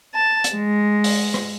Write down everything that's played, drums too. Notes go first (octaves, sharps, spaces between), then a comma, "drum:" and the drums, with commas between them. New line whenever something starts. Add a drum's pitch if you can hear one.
A5
drum: hi-hat
G#3
drum: open hi-hat
drum: rim click